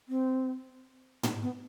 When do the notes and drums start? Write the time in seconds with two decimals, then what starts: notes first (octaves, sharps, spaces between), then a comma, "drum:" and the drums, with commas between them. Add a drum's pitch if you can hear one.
0.09 C4
1.23 drum: tom
1.42 B3